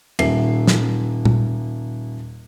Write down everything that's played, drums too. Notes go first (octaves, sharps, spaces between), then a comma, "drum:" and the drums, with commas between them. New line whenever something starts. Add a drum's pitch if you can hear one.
D#1 E5 C7, drum: cymbal
drum: snare
drum: tom